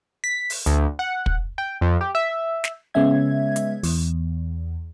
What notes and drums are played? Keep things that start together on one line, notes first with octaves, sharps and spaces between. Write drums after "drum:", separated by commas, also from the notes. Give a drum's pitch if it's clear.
B6
drum: open hi-hat
D2, drum: hi-hat
F#5
drum: kick
G5
F2
G4
E5
drum: snare
C#3 G#3 B3 C#4 E5 G#6
drum: hi-hat
E2, drum: open hi-hat